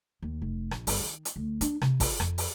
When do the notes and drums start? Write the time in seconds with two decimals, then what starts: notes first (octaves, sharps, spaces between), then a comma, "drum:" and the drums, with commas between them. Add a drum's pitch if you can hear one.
0.22 D#2
0.42 F1
0.71 A#1, drum: rim click
0.87 G1, drum: open hi-hat
1.00 D#3
1.25 drum: hi-hat
1.36 D2
1.61 D4, drum: hi-hat
1.82 C3, drum: rim click
2.00 F4, drum: kick, open hi-hat
2.20 F2, drum: rim click
2.38 drum: open hi-hat